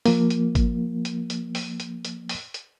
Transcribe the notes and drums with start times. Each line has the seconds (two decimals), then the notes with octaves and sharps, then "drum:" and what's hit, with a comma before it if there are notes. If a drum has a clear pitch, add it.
0.06 F3 A#3, drum: open hi-hat
0.30 drum: hi-hat
0.55 drum: kick G#1, hi-hat
1.05 drum: hi-hat
1.30 drum: hi-hat
1.55 drum: open hi-hat
1.80 drum: hi-hat
2.05 drum: hi-hat
2.29 drum: open hi-hat
2.54 drum: hi-hat